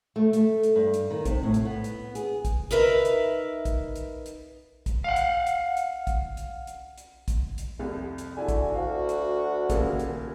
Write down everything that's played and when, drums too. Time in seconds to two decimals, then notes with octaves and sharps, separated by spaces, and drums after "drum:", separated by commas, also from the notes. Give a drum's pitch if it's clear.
0.16 A3
0.33 A3, drum: hi-hat
0.63 drum: hi-hat
0.76 G2
0.94 drum: hi-hat
1.10 D#3
1.25 C3, drum: kick A#1, hi-hat
1.43 A2
1.54 drum: hi-hat
1.65 B3
1.84 drum: hi-hat
2.15 G#4, drum: hi-hat
2.45 drum: kick A#1, hi-hat
2.71 D#4 A#4 B4 E5
3.05 drum: hi-hat
3.65 drum: kick A#1, hi-hat
3.96 drum: hi-hat
4.26 drum: hi-hat
4.86 drum: kick A#1, hi-hat
5.04 F5 F#5
5.16 drum: hi-hat
5.47 drum: hi-hat
5.77 drum: hi-hat
6.07 drum: kick A#1, hi-hat
6.37 drum: hi-hat
6.67 drum: hi-hat
6.98 drum: hi-hat
7.28 drum: kick A#1, hi-hat
7.58 drum: hi-hat
7.79 C2 F2
8.18 drum: hi-hat
8.37 D3 E4 F#4 G#5
8.49 drum: kick A#1, hi-hat
8.74 D2 F5
9.09 drum: hi-hat
9.70 D#1 A#2 C#3, drum: kick A#1, hi-hat
9.99 drum: hi-hat